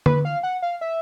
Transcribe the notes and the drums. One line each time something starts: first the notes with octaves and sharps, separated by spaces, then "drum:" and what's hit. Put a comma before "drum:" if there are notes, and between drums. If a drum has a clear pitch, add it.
B4, drum: tom D3
F5
F#5
F5
E5